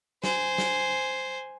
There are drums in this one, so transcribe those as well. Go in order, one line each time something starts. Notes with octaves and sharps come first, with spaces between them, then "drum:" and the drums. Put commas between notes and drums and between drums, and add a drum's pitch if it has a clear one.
C5 G#5, drum: snare
drum: snare